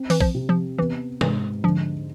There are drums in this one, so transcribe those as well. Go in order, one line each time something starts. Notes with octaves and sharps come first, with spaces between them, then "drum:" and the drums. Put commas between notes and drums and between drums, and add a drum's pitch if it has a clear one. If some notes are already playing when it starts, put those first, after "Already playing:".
Already playing: C4
E3, drum: open hi-hat
F3, drum: kick
C3
F3
E3 B3
G#2 E3, drum: tom C3
D3 F3